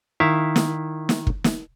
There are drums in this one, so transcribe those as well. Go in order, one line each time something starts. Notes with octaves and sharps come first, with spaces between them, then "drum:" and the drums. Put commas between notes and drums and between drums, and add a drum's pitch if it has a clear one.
D#3 E4 E5 F5
drum: snare
drum: snare
drum: kick
drum: snare